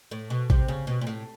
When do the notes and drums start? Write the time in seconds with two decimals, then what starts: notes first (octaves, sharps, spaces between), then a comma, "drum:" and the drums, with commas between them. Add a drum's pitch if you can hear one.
0.11 A2
0.30 B2
0.50 C3, drum: kick A1
0.68 C#3
0.87 B2
1.01 A#2
1.07 A2